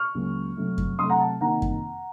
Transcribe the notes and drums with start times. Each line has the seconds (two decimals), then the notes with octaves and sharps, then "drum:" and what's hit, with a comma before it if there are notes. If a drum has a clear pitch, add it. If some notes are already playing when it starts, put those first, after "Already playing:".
Already playing: C#6 F6
0.15 C#2 C#3 F#3 A#3 C#4
0.57 C3 F#3 A3
0.78 drum: kick F#2
0.99 C3 F#3 A3 C6 D#6
1.10 F#5 A#5
1.20 A5
1.41 C3 D#3 A#3 D#4 F#5 A#5
1.62 drum: kick F#2